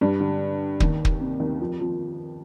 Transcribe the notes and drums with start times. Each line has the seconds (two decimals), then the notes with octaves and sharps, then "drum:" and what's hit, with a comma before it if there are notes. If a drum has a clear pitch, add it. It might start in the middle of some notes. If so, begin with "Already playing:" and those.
0.01 G2 G3
0.20 D3
0.80 D#2 D#3, drum: kick
1.05 drum: kick
1.21 C3
1.40 D#2 D#3
1.60 F2 F3
1.80 F2 F3